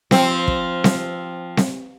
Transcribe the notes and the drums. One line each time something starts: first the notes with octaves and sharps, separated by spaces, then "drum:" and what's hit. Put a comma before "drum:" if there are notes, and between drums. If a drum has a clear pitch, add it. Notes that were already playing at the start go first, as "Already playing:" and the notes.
F3 C4, drum: snare C4
drum: kick
drum: snare C4
drum: snare C4